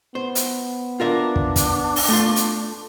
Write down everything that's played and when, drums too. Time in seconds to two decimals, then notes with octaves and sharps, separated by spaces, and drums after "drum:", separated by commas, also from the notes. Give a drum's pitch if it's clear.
0.15 B3 C5
0.35 drum: hi-hat
1.00 D4 F4 A#4 E5
1.36 drum: kick
1.56 drum: kick, hi-hat
1.96 drum: open hi-hat
2.09 A3 F4
2.36 drum: hi-hat